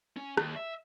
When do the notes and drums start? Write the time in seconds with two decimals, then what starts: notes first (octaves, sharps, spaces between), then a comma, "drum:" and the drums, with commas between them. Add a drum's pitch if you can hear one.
0.17 C#4
0.37 D#2, drum: rim click
0.56 E5